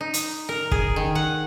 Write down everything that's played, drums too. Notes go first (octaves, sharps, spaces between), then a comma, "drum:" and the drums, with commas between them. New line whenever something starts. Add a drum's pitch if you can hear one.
D#4
drum: hi-hat
A#4
G#4, drum: kick
D#3
F#5